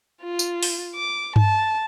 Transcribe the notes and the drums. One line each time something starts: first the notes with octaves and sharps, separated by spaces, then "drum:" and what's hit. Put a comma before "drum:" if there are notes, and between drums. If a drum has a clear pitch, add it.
F4
drum: tambourine
drum: open hi-hat
D6
A5, drum: tom G2